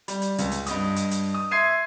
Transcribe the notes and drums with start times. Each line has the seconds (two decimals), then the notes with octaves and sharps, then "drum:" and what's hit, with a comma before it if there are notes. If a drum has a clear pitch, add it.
0.08 G3, drum: hi-hat
0.22 drum: hi-hat
0.38 C#2, drum: hi-hat
0.52 drum: hi-hat
0.66 G2 D#5 D#6, drum: hi-hat
0.96 drum: hi-hat
1.11 drum: hi-hat
1.34 D#6
1.51 E5 C6 G#6 C7 D#7